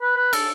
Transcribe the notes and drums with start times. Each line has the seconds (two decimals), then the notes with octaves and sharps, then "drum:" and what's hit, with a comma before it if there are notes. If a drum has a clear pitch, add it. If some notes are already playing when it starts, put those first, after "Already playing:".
0.02 B4
0.16 B4
0.33 A4, drum: cymbal